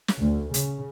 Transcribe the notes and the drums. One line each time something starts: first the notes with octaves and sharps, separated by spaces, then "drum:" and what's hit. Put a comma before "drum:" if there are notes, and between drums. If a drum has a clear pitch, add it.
drum: snare
D2
C#3, drum: hi-hat